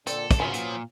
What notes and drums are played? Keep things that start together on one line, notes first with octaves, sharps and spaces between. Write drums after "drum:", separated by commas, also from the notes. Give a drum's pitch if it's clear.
A#2 D3 C4 D4 A4, drum: hi-hat
drum: kick, hi-hat
C#3 F3 F#3 B3 C#4 F4 E5 G#5
A#2, drum: hi-hat